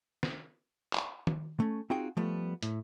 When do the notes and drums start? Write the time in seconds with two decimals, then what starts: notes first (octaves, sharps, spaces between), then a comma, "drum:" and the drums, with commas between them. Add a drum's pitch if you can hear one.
0.23 drum: snare
0.94 drum: clap
1.27 drum: tom D#3
1.60 A3 C#4
1.90 C4 D#4 F4 F#4 G#4 G5
2.17 F3 G3 A3 B3
2.63 A2, drum: hi-hat